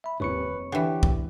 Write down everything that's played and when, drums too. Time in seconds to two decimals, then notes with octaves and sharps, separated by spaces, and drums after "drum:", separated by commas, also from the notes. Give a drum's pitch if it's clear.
0.04 E5 B5
0.20 D#1 C3 B4 C#5 C#6 C#7
0.50 F1
0.72 D3 E3 G4 F#6
1.03 E2, drum: kick